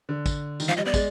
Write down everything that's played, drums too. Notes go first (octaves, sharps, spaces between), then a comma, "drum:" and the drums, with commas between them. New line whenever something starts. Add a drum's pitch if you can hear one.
D3
drum: kick, tambourine
D#3, drum: tambourine
F3 F5
G3 D#5
B3 D5
G#3, drum: kick, tambourine